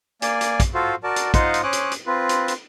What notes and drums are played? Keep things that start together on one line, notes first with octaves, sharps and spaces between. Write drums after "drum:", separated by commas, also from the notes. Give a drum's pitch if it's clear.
A#3 D5 G#5, drum: hi-hat
drum: hi-hat
drum: kick, hi-hat
F4 F#4 A4 C5 F5
F#4 A#4 D5 A5
drum: hi-hat
D#4 F4 C5 D#5 F5 F#5, drum: kick, hi-hat
drum: hi-hat
C#4 C5 C#5 D6 D#6 F#6
drum: hi-hat
drum: hi-hat
C4 F4 B4
drum: hi-hat
drum: hi-hat